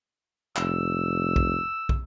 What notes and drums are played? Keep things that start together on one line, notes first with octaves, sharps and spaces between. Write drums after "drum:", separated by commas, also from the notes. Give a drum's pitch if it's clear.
F1 E6, drum: clap
drum: kick
drum: kick